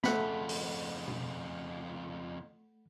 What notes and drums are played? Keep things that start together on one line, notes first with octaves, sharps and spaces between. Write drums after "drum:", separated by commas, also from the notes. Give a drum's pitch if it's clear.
F2 C#3 A3 F#5 B5, drum: snare B3
drum: open hi-hat
drum: tom B2